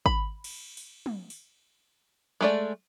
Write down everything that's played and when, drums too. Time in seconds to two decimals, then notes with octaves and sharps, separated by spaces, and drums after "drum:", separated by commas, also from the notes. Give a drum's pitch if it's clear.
0.06 B5, drum: kick G#1
0.44 drum: cymbal
0.77 drum: open hi-hat
1.06 drum: tom
1.30 drum: open hi-hat
2.41 G#3 A3 D5